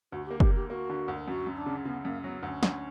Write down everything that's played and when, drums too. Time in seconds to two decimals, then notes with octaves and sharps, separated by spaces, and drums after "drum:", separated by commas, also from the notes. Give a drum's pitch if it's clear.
0.12 D2 F#4
0.26 A#3 G4
0.40 G4, drum: kick
0.50 A#3
0.56 G4
0.69 A#3 F#4 G4
0.89 D3
1.08 D2
1.27 F#2 F#4
1.47 F#2
1.56 D4
1.66 C#3
1.85 C#3 B3
2.05 F#2 A#3
2.23 F#3 B3
2.42 D2 C#4
2.63 D2, drum: snare